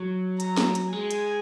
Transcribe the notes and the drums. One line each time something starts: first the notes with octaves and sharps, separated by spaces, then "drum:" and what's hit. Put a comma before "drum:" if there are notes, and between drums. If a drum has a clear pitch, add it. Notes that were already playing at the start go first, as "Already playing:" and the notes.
Already playing: F#3
A#5, drum: hi-hat
drum: snare
drum: hi-hat
G#3 G#5
drum: hi-hat